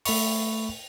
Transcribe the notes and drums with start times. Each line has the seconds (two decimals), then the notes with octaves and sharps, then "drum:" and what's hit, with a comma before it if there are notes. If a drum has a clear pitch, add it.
0.05 A3 E5 B5 C#6, drum: open hi-hat